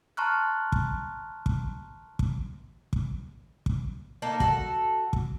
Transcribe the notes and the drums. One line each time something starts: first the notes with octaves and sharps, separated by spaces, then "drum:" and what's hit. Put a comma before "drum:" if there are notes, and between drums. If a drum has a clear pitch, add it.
A5 A#5 C6 C#6 F6 F#6
drum: kick
drum: kick
drum: kick
drum: kick
drum: kick
A#3 D#4 A4
F#4 A4, drum: kick
drum: kick